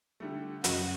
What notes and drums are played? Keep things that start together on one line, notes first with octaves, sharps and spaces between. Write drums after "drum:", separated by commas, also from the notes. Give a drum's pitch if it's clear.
D3 G3 A3
F#2 C#3 F#4 D#5, drum: hi-hat